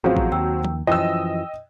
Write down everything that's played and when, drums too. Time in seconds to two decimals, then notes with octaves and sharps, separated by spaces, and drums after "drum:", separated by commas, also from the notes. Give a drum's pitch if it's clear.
0.04 A1 F3 F#3 C4 G#4 F5
0.17 drum: kick G#1
0.32 D#2 G5 E6
0.65 drum: tom F3
0.87 F#2 E3 F3 D#5 G5 E6